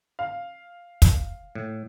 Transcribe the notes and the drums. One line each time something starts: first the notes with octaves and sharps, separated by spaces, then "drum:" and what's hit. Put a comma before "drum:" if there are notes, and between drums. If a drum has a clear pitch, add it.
F5
drum: kick, hi-hat
A2